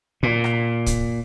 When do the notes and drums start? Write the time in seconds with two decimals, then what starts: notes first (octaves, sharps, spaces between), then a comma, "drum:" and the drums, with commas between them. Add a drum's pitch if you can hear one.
0.23 A#2
0.44 drum: rim click
0.86 drum: kick, hi-hat